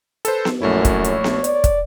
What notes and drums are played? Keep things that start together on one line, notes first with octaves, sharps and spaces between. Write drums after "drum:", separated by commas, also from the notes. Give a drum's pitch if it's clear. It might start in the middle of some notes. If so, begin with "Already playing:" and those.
A4 B4 C5, drum: hi-hat
drum: snare B3
A#1 F#2 A3 E4 C#5
drum: kick, hi-hat
drum: hi-hat
drum: snare B3
D5, drum: hi-hat
drum: kick, hi-hat